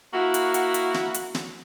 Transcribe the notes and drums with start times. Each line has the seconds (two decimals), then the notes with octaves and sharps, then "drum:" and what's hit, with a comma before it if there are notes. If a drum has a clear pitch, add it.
0.14 A#3 E4 F#4
0.34 drum: hi-hat
0.54 drum: hi-hat
0.74 drum: hi-hat
0.94 drum: snare
1.14 drum: hi-hat
1.35 drum: snare